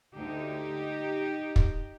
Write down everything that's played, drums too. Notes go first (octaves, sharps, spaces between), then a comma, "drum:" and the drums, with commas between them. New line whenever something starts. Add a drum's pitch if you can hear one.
D2 D3 D#4 G4
drum: kick